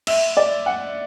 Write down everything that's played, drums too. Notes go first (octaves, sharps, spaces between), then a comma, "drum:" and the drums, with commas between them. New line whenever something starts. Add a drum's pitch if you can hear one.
E5, drum: cymbal
D5
F#5